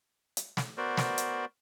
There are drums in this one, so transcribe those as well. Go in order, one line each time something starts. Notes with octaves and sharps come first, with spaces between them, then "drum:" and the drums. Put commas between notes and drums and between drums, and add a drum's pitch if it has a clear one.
drum: hi-hat
drum: snare
B3 F#4 A#4 C5 D5
drum: snare
drum: hi-hat